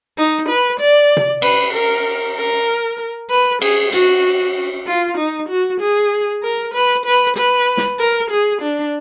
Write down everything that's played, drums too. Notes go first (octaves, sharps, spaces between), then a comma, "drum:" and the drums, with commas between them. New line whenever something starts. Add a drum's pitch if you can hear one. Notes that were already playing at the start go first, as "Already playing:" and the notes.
D#4
B4
D5
drum: tom
B4, drum: cymbal
A#4
A#4
B4
G#4, drum: cymbal
F#4, drum: hi-hat
F4
D#4
F#4
G#4
A#4
B4
B4
B4
drum: snare
A#4
G#4
D4